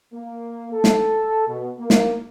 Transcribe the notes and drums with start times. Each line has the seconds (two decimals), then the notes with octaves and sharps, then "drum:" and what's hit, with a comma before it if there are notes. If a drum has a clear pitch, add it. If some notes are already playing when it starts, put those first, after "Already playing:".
0.13 A#3
0.73 A4
0.84 drum: snare
1.47 B2
1.79 A#3
1.90 drum: snare